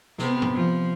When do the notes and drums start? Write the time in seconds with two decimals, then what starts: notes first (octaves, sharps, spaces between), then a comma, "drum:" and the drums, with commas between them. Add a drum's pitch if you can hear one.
0.19 C3 B3, drum: snare
0.42 drum: tom G2
0.54 F3